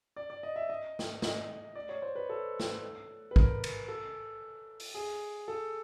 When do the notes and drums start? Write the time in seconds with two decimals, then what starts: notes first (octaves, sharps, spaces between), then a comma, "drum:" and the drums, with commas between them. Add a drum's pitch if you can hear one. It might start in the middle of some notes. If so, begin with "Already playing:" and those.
0.17 D5
0.30 D5
0.43 D#5
0.56 E5
0.70 D#5
0.99 drum: snare
1.22 D#5, drum: snare
1.76 D5
1.89 C#5
2.02 C5
2.15 B4
2.29 A4
2.60 drum: snare
3.31 B4
3.36 A#4, drum: kick
3.64 drum: cymbal
3.88 A4
4.80 drum: open hi-hat
4.95 G#4
5.48 A4